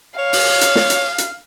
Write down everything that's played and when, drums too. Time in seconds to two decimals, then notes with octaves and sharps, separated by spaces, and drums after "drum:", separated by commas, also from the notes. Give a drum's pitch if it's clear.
0.19 C#5 F5
0.33 drum: open hi-hat
0.61 drum: hi-hat
0.76 drum: snare
0.90 drum: hi-hat
1.18 drum: hi-hat